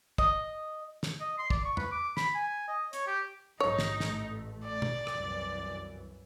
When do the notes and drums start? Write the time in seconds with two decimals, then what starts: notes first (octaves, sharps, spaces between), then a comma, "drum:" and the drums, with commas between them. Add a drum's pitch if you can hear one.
0.18 D#5, drum: kick
1.03 drum: snare
1.21 D#5
1.38 C6
1.50 D5, drum: kick
1.65 C#6
1.77 B4, drum: tom
1.92 D6
2.17 B5, drum: snare
2.35 G#5
2.68 D#5
2.93 C#5, drum: hi-hat
3.07 G4
3.60 A#1 G#2 F#3 D#4 C#5
3.79 drum: snare
4.00 A1 A3, drum: snare
4.64 D5
4.82 drum: tom
5.07 C2 F#2 E3, drum: rim click